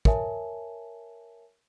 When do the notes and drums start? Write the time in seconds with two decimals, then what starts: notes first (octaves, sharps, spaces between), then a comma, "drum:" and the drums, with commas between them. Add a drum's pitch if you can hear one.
0.05 A#4 C#5 E5 G#5 A5, drum: kick